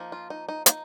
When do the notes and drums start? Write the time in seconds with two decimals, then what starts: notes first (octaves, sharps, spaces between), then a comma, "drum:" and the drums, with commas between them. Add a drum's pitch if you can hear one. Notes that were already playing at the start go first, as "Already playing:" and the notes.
Already playing: F3 A#3 D#4
0.12 F4
0.30 D#4
0.49 D#4
0.66 D#4, drum: hi-hat